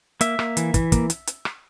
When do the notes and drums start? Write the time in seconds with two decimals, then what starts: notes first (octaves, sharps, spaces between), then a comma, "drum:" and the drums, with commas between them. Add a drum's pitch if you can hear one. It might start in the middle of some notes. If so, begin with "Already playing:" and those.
0.21 A#3 E5, drum: hi-hat
0.39 A#3, drum: rim click
0.57 E3, drum: hi-hat
0.74 E3, drum: kick, hi-hat
0.92 A#3, drum: kick, hi-hat
1.10 drum: hi-hat
1.27 drum: hi-hat
1.45 drum: rim click